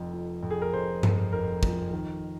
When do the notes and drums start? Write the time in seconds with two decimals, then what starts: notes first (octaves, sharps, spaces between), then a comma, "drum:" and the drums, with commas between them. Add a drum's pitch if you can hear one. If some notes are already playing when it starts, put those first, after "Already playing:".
Already playing: F1 F2
0.14 F3
0.43 F2
0.50 G#4
0.62 A#4
0.73 F1 C5
1.03 F1, drum: tom G2
1.33 F1 A#4
1.63 F3, drum: kick
1.93 D#3